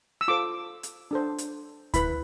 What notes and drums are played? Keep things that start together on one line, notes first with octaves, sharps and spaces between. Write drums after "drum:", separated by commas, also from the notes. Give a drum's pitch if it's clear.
E6
F4 A4 C5 D6
drum: hi-hat
D4 A4 C5
drum: hi-hat
E4 B4 B5, drum: kick D2, hi-hat